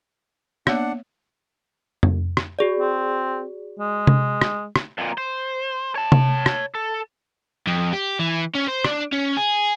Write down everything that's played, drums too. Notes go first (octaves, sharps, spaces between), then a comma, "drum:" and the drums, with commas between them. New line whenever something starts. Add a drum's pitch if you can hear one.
A#3 B3 D4 C#5 F#5, drum: rim click
drum: tom F2
drum: rim click
F#4 G#4 D5
C4
G#3
drum: tom C3
drum: rim click
drum: rim click
F2 A#2
C5
C#5 A5
drum: tom C3
drum: rim click
A4
F2
G4
E3
C#4
C5
D4, drum: rim click
C#4
G#4